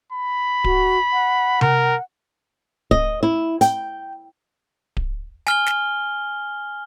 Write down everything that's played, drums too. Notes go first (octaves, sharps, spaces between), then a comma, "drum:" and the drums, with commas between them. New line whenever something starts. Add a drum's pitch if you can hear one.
B5
F#4, drum: kick D1
F#5
A#4, drum: tom C3
D#5, drum: kick D1
E4
G5, drum: hi-hat
drum: kick D1
G#5 F6 G7, drum: snare
drum: snare